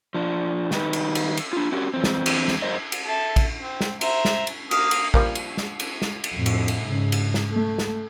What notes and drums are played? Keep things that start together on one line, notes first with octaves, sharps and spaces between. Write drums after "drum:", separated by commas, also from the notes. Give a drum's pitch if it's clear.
F3 D4
D#3 G3 D#4 B4, drum: snare
drum: cymbal
drum: cymbal
drum: cymbal
D4 F4
C#4 F#4 G4 A#4
E2 C4
drum: snare
drum: cymbal
drum: snare
F#2 A#4 C5 D#5
drum: cymbal
A4 E5 A5
drum: kick, cymbal
C4
drum: snare
C5 E5 A#5, drum: cymbal
drum: snare
drum: cymbal
A#3 F5 D#6, drum: cymbal
drum: cymbal
F3 G3 A#3, drum: kick
drum: cymbal
drum: snare
drum: cymbal
drum: snare
drum: cymbal
F2 A2
drum: cymbal
drum: cymbal
G#2 C#3
drum: cymbal
drum: snare
A3
drum: snare